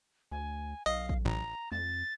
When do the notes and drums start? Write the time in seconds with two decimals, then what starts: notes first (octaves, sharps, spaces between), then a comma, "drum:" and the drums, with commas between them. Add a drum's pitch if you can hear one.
0.31 D2 G#5
0.86 B1 D#5 F5
1.09 drum: kick
1.25 A1 A#5
1.72 F2 A6, drum: tom